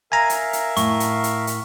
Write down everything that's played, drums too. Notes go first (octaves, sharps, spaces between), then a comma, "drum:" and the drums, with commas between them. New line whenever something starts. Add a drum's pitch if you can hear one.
A#4 E5 F5 G#5 A#5
drum: hi-hat
drum: hi-hat
A2 C#6, drum: hi-hat
drum: hi-hat
drum: hi-hat
drum: hi-hat